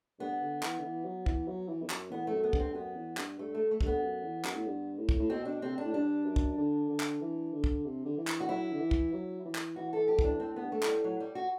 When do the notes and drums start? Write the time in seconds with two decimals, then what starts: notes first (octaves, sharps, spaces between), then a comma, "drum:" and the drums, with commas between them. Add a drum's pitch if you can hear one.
0.19 G2 B3
0.41 D3
0.63 E3, drum: clap
0.79 D3
0.84 E3
1.05 F#3
1.26 E3, drum: kick
1.47 F#3
1.68 E3
1.83 E2
1.90 F#2, drum: clap
2.11 E2 B3
2.27 A3
2.32 F#2
2.43 B3
2.53 G2, drum: kick
2.59 C4
2.75 F#2 B3
2.96 E2
3.17 G2, drum: clap
3.39 G2 A3
3.55 A3
3.71 A3
3.81 G2, drum: kick
3.86 B3
4.02 F#2
4.24 E2
4.45 F#2, drum: clap
4.55 A2
4.66 G2
4.98 A2
5.09 drum: kick
5.19 A2
5.30 B2 C4
5.45 B2 D4
5.61 C3 C4
5.78 D4
5.84 A2
5.93 G2 D4
6.25 F#2
6.36 drum: kick
6.58 D3
6.89 D3
7.00 drum: clap
7.21 E3
7.53 D3
7.64 drum: kick
7.85 C3
8.05 D3
8.17 E3
8.28 drum: clap
8.40 F#4
8.49 F#3 E4
8.72 D3
8.80 E3
8.91 drum: kick
9.13 F#3
9.45 E3
9.55 drum: clap
9.76 E3 F#4
9.93 E3 A4
10.08 F#3 G4
10.19 E3, drum: kick
10.24 D4
10.40 A2 C4
10.56 B3
10.61 G2
10.72 A3
10.83 A2, drum: clap
10.88 G3
11.03 A2 F#3
11.20 G3
11.35 F#4